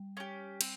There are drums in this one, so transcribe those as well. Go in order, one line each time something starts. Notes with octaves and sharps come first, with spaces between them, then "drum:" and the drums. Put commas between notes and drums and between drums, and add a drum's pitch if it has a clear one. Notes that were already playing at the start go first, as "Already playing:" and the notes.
Already playing: G3
C#4 G4
C4, drum: cymbal